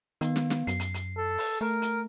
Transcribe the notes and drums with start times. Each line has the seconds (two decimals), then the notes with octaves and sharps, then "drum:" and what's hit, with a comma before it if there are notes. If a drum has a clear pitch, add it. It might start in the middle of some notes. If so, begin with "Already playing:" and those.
0.21 D#3 B3, drum: hi-hat
0.36 drum: snare
0.50 drum: snare
0.67 F#2 C7, drum: hi-hat
0.80 drum: hi-hat
0.94 drum: hi-hat
1.17 A4
1.38 drum: open hi-hat
1.61 A3 A#4
1.82 drum: hi-hat